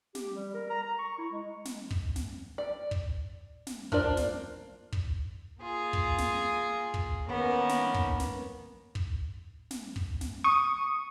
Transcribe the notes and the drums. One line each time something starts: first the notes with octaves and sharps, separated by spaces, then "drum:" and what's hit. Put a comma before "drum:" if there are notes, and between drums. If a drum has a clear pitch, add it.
G4, drum: snare
G3
A#4
A#5
A#5
C#6
E4
G#3
drum: snare
drum: kick
drum: snare
D5
drum: kick
drum: snare
D4 F4 A#4 C5 D5, drum: kick
drum: snare
drum: kick
A#3 F4 G#4
drum: kick
drum: snare
drum: kick
D#3 A#3 B3 C#4
drum: snare
drum: kick
drum: snare
drum: kick
drum: snare
drum: kick
drum: snare
C#6 D#6